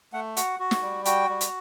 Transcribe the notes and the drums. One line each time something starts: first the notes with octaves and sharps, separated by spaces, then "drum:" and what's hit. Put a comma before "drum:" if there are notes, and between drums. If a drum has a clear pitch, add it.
A3 F#5
F#4 F#5, drum: hi-hat
F#4
drum: snare
G3
F#4 G5, drum: hi-hat
G3
drum: hi-hat